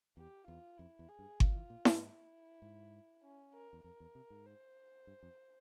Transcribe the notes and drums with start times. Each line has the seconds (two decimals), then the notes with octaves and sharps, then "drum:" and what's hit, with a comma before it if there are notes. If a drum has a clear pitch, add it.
0.17 E2 G4
0.47 E2 F4
0.78 F2 E4
0.99 E2
1.09 G#4
1.19 G2
1.40 C#3 F4, drum: kick G1
1.55 E3
1.70 A#2
1.85 G#2, drum: snare E4
2.01 E4
2.62 G#2
3.23 C#4
3.54 A#4
3.73 E2
3.84 F2 A#4
4.00 E2
4.15 C3
4.30 G#2
4.46 C5
5.07 G2
5.23 F2